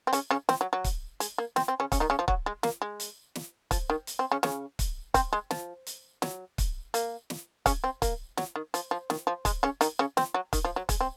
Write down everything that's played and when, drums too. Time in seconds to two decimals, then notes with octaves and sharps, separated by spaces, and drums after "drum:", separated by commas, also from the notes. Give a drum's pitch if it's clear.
0.07 C4
0.13 C#3 C#4, drum: hi-hat
0.31 C#3 C#4
0.49 C4, drum: snare
0.61 F#3
0.73 F#3
0.84 drum: kick, hi-hat
1.20 G#3, drum: hi-hat
1.38 A#3
1.56 C4, drum: snare
1.68 C4
1.80 C#3 C#4
1.92 C#3 C#4, drum: kick, hi-hat
2.00 D#3 D#4
2.10 C#3 C#4
2.19 F3
2.28 F#3, drum: kick
2.46 G#3
2.63 A#3, drum: snare
2.82 G#3
3.00 drum: hi-hat
3.35 drum: snare
3.71 F3, drum: kick, hi-hat
3.90 D#3
4.07 drum: hi-hat
4.19 C4
4.32 C#3 C#4
4.43 C#3 C#4, drum: snare
4.79 drum: kick, hi-hat
5.14 C4, drum: kick, hi-hat
5.33 G#3
5.51 F3, drum: snare
5.86 drum: hi-hat
6.22 F#3, drum: snare
6.58 drum: kick, hi-hat
6.94 A#3, drum: hi-hat
7.30 drum: snare
7.66 C#3 C#4, drum: kick, hi-hat
7.84 C4
8.02 A#3, drum: kick, hi-hat
8.37 F#3, drum: snare
8.56 D#3
8.74 F3, drum: hi-hat
8.91 F3
9.10 D#3, drum: snare
9.27 F3
9.45 G#3, drum: kick, hi-hat
9.63 C#3 C#4
9.81 D#3 D#4, drum: hi-hat
9.99 C#3 C#4
10.17 C4, drum: snare
10.34 F#3
10.53 D#3, drum: kick, hi-hat
10.65 F3
10.76 F#3
10.89 G#3, drum: kick, hi-hat
11.01 C4